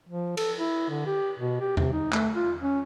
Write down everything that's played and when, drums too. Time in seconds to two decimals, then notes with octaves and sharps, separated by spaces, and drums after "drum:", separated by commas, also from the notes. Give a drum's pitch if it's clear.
0.09 F3
0.37 A4, drum: cymbal
0.58 E4
0.90 D3
1.07 G4
1.40 B2
1.61 G4
1.77 C3, drum: tom E2
1.93 D#4
2.13 A3, drum: clap
2.36 F4
2.62 C#4